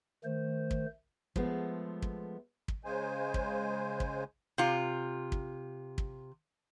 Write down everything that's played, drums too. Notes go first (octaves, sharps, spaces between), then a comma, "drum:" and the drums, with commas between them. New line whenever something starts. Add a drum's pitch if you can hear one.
D#3 A3 C5
drum: kick
F3 G#3 A3 B3, drum: kick
drum: kick
drum: kick
C#3 G#3 C5 G#5
drum: kick
drum: kick
C3 F4
drum: kick
drum: kick